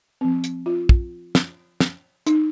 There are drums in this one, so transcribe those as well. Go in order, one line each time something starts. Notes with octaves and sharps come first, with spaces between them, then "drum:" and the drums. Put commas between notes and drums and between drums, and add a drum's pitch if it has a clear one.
F3 C4
drum: hi-hat
F4
drum: kick
drum: snare
drum: snare
D#4, drum: hi-hat